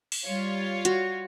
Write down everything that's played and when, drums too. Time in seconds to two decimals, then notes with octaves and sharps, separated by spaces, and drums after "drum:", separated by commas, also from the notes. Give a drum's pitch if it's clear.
0.12 drum: open hi-hat
0.24 G3 F4 C#5
0.85 F#4, drum: hi-hat